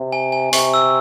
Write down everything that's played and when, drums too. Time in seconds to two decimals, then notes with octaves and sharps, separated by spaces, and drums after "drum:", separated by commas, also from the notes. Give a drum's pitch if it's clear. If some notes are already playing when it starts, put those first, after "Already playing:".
Already playing: C3
0.12 G#5
0.32 G#5
0.53 C3 C#6, drum: open hi-hat
0.74 E6